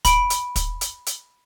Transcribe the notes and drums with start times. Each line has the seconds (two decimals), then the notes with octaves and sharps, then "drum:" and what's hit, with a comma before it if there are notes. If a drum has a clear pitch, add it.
0.05 B5 D7, drum: kick, hi-hat
0.30 drum: hi-hat
0.56 drum: kick, hi-hat
0.81 drum: hi-hat
1.06 drum: hi-hat